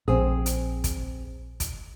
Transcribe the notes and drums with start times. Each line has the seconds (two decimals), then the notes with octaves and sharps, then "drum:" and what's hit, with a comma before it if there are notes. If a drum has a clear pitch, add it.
0.08 A#1 C4 G#4
0.46 drum: hi-hat
0.84 drum: kick, hi-hat
1.60 drum: kick, hi-hat